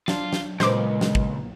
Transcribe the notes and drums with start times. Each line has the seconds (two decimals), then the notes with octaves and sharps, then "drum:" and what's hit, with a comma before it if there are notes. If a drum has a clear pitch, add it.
0.08 D4 F4, drum: snare
0.33 drum: snare
0.60 C#2 A#2 G#3 B3 C5 D6, drum: snare
1.01 drum: snare
1.15 drum: kick